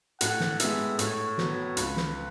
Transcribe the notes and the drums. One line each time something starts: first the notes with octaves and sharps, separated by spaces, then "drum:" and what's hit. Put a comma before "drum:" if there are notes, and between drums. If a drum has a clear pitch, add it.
A2 F#5, drum: hi-hat
drum: snare
G#3 B3 E5, drum: hi-hat
A2 C#5, drum: hi-hat
F#3 B3, drum: snare
C#2 B4, drum: hi-hat
drum: snare